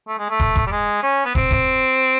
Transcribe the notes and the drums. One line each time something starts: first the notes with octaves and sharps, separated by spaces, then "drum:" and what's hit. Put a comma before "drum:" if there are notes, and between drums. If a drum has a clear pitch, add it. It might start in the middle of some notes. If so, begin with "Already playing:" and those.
A3
G#3
A3
drum: kick
drum: kick
G3
G#3
C#4
B3
C4, drum: kick
drum: kick